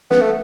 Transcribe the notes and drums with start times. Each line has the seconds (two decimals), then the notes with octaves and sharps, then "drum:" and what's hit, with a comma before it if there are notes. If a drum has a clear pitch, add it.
0.10 B3, drum: snare
0.21 A3